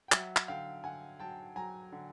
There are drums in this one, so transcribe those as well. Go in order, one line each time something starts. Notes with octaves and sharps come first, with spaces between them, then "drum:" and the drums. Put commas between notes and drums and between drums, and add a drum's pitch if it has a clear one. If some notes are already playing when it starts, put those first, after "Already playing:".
G5
F#3 E5 F#5, drum: clap
drum: clap
D3 F5 G5
D3 F#5 G#5
F#3 G5 A5
F#3 G#5 A#5
D3